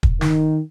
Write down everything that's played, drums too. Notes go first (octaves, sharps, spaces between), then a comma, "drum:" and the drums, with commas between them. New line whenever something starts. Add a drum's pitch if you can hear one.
drum: kick
D#3, drum: snare